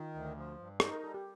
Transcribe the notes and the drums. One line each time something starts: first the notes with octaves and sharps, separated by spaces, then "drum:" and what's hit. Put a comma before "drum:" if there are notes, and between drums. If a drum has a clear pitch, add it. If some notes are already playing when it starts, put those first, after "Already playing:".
Already playing: D#3 F4
D2
F3
G2
D#4 C5, drum: rim click
A#4
G3 A4
G4